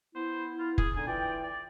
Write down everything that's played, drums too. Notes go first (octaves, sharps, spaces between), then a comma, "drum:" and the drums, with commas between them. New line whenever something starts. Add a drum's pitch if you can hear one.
B3 E4 C5
F4
G#4, drum: kick F1
D3 B3 D#4 G#5
E3 F4 D5 G5
D5